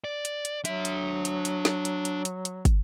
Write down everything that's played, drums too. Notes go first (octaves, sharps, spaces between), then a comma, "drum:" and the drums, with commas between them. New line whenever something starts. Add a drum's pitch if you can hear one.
D5
drum: hi-hat
drum: hi-hat
F#3 D4 E5, drum: hi-hat
drum: hi-hat
drum: hi-hat
drum: hi-hat
drum: snare
drum: hi-hat
drum: hi-hat
drum: hi-hat
drum: hi-hat
drum: kick, hi-hat